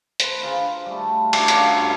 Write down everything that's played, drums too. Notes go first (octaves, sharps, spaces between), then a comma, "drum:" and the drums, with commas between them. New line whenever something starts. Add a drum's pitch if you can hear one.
B4 C5, drum: hi-hat
F4 G#4 A#5 B5
G3 A3
D4 E4 F#4 G4, drum: cymbal
C#4 F4 D5 F#5, drum: hi-hat
G2 D5